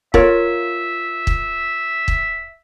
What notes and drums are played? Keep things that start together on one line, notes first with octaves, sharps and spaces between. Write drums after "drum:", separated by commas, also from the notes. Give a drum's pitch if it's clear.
F4 A#4 C#5 E5, drum: kick
drum: kick
drum: kick